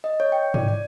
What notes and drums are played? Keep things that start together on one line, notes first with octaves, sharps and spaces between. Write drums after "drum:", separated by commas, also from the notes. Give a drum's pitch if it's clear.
D#5
C#5
G5
D5, drum: tom G#2
D5